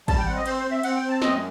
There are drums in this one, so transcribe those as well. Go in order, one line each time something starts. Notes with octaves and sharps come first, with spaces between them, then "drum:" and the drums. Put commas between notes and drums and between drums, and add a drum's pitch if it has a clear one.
G3 A5, drum: kick, cymbal
G5
C4 F#5
D#5
C4 C5, drum: cymbal
C5
C4
E5
C4 F#5, drum: cymbal
G5
C4
A5
F#2 D#5, drum: snare